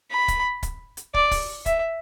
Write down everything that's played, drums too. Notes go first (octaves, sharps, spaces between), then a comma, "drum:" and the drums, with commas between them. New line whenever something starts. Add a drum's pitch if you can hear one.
B5
drum: kick, hi-hat
drum: kick, hi-hat
drum: hi-hat
D5, drum: kick
drum: kick, open hi-hat
E5, drum: kick, hi-hat